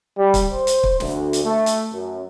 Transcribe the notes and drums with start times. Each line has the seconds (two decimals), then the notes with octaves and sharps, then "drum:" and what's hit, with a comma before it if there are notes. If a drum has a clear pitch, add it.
0.18 G3
0.34 drum: kick, hi-hat
0.52 C5
0.67 drum: hi-hat
0.83 drum: kick
1.00 D2, drum: snare
1.33 drum: hi-hat
1.44 A3
1.66 drum: hi-hat
1.94 F#2